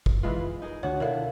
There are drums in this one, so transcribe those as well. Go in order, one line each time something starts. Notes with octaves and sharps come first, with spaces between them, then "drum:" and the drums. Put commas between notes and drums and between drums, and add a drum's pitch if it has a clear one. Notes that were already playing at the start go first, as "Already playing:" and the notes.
F#1, drum: kick
E3 G#3 F4 B4 F5
D#4 G#4 A#4
C#2 D3 D4 F#4 C#5 F#5
B2 D4 E4 A4 A#4 D5 F5